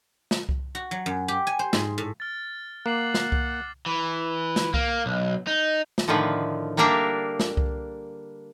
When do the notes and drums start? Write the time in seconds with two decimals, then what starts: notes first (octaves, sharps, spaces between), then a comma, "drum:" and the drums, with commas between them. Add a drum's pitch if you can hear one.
0.31 drum: snare
0.49 drum: kick C2
0.75 F#4
0.91 F#3
1.06 F#2
1.28 G4
1.47 G#5
1.59 C5
1.73 G#2, drum: snare
1.98 A2
2.20 F6 A6
2.86 A#3 F#5 D6 C7 F#7
3.14 drum: snare
3.32 drum: kick C2
3.86 E3
4.56 drum: snare
4.74 A#3, drum: kick C2
5.06 B1
5.47 D#4
5.98 drum: snare
6.08 A2 D3 D#3 F3 B4
6.77 G3 A#3 D4 A#4 E5 F5
7.40 drum: snare
7.57 drum: kick C2